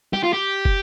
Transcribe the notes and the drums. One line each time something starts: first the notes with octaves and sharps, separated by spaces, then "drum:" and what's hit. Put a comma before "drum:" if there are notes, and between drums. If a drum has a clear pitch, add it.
G4, drum: tom
F4
G4
drum: kick